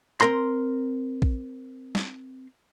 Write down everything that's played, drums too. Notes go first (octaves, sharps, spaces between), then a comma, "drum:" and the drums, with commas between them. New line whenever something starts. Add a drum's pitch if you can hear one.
C4 A#4 A#5 C6, drum: clap
drum: kick A#1
drum: snare